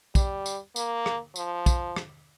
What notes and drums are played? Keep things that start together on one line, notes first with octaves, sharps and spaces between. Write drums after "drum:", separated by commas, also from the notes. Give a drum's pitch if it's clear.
G3, drum: kick, tambourine
drum: tambourine
A#3, drum: tambourine
drum: rim click
F3, drum: tambourine
drum: kick, tambourine
drum: rim click